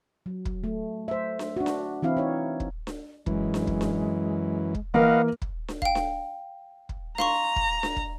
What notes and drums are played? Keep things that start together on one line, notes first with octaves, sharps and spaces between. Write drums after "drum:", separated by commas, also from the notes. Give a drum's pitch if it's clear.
F#3
drum: kick
A3
C5 E5
drum: snare D4
D4 F#4
drum: snare D4
E3 C4 E4 F5
D#4 C#5
drum: kick
drum: snare D4
F#2 E3 G#3, drum: kick
drum: snare D4
drum: kick
drum: snare D4
drum: kick
E3 A#3 A#4 B4 D#5 F5 F#5
drum: kick
drum: snare D4
F5 G5, drum: kick
drum: snare D4
drum: kick
F5 A#5 C6 C#6, drum: snare D4
drum: kick
drum: snare D4
drum: kick